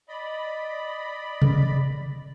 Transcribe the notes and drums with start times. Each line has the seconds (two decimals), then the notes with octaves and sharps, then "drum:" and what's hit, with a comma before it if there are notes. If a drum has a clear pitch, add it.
0.09 D5 D#5 B5
1.42 drum: tom C3